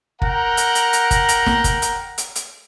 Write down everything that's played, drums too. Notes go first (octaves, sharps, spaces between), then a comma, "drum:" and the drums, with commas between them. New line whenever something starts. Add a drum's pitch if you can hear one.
A#4 F#5 G5 A#5, drum: kick
drum: hi-hat
drum: hi-hat
drum: hi-hat
drum: kick, hi-hat
drum: hi-hat
drum: snare
drum: kick, hi-hat
drum: hi-hat
drum: hi-hat
drum: hi-hat